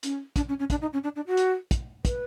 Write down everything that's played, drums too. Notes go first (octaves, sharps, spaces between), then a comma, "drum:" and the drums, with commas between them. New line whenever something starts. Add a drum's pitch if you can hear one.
C#4, drum: hi-hat
D4, drum: kick, hi-hat
C#4
C#4
D4, drum: kick, hi-hat
D#4
C#4
D4
D4
F#4
drum: hi-hat
drum: kick, hi-hat
B4, drum: kick, hi-hat